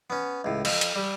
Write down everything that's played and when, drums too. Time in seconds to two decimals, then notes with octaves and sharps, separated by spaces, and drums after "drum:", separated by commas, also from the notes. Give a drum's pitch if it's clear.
0.10 B3 C#4
0.44 C#2 A2
0.65 F2, drum: cymbal
0.81 drum: hi-hat
0.96 G3